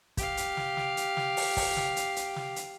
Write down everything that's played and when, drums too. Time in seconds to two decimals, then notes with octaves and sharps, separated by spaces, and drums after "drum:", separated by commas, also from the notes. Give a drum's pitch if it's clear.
0.17 G4 F5, drum: kick, hi-hat
0.37 drum: hi-hat
0.57 drum: snare
0.77 drum: snare
0.97 drum: hi-hat
1.17 drum: snare
1.37 drum: open hi-hat
1.57 drum: kick, open hi-hat
1.77 drum: snare
1.96 drum: hi-hat
2.16 drum: hi-hat
2.36 drum: snare
2.56 drum: hi-hat